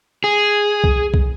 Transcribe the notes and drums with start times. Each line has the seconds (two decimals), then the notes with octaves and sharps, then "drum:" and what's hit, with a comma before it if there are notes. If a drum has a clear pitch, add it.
0.24 G#4
0.84 drum: kick C2
1.14 drum: kick C2